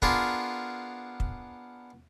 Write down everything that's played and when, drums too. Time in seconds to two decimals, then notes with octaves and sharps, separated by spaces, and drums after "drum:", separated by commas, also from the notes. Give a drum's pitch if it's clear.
0.02 B3 D4 F4 G#4 A#4 B4, drum: kick
1.20 drum: kick